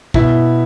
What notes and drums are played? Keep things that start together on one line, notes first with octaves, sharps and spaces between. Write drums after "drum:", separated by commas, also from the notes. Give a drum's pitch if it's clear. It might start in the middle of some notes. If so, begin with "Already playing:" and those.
B2 E4, drum: kick